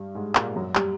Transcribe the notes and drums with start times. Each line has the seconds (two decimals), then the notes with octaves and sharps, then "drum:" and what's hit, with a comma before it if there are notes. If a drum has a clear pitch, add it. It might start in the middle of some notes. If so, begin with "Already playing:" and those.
Already playing: G2 G3
0.15 G#2 G#3
0.35 A#2 A#3, drum: clap
0.56 F#2 F#3
0.75 G3, drum: clap